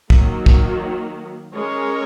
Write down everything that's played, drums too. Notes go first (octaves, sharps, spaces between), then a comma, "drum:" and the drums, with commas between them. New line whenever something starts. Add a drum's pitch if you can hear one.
D#3 F#3 A#3, drum: kick
drum: kick
G#3 C#4 A#4 C#5